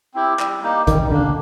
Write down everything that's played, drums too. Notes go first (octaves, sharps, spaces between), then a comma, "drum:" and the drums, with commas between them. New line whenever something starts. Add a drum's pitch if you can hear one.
C4 E4 G4
G3, drum: clap
A#3 D#4 G4
D#3 G3, drum: kick G#1, hi-hat
D3 A#3 D4